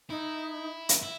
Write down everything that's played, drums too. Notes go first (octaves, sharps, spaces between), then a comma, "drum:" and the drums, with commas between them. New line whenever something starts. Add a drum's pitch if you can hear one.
D#4 E4
drum: hi-hat
E4